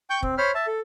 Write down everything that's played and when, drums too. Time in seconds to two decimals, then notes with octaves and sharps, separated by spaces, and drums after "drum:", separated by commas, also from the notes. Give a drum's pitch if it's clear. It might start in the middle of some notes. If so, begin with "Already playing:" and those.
0.10 G5 C#6 G6
0.23 C4, drum: kick
0.38 C5 C#5 B5 F6
0.55 E5 A5
0.67 A4